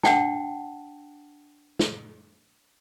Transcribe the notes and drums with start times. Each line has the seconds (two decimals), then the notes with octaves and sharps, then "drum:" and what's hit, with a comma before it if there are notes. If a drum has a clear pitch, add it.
0.03 D4 F#5 G5 A5, drum: snare
1.79 drum: snare